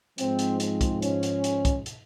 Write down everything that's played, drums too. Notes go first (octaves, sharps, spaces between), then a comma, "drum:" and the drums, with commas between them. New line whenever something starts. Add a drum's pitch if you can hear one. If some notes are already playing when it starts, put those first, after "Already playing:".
G#2 F3 G#3 C4, drum: hi-hat
drum: hi-hat
C4, drum: hi-hat
drum: kick, hi-hat
C#4, drum: hi-hat
drum: hi-hat
drum: hi-hat
drum: kick, hi-hat
drum: hi-hat